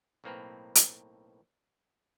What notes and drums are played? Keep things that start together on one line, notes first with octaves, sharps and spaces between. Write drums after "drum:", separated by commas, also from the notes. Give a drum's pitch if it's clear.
B1 A2 A#3 C4 A#4 B4
drum: hi-hat